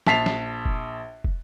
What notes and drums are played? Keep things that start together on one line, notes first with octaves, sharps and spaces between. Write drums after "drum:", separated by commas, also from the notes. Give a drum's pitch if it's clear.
A#1 A5 B6 C7 F7, drum: snare
drum: snare
drum: kick
drum: kick